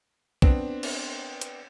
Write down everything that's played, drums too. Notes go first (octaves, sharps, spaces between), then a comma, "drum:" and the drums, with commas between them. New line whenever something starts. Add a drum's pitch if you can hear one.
B3 C4 D4, drum: kick
drum: cymbal
drum: hi-hat